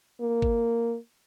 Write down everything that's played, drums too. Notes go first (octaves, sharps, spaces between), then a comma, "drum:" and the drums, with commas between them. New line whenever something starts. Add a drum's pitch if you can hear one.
A#3
drum: kick